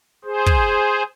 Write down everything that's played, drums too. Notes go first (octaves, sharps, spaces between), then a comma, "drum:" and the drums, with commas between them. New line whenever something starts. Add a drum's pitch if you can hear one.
G#4 C5
drum: kick